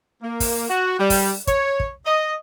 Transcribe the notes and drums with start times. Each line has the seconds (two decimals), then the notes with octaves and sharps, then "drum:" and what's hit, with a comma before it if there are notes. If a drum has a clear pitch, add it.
0.23 A#3
0.40 drum: kick, open hi-hat
0.69 F#4
0.99 G3
1.10 drum: kick, open hi-hat
1.47 C#5, drum: kick, hi-hat
1.80 drum: kick
2.06 D#5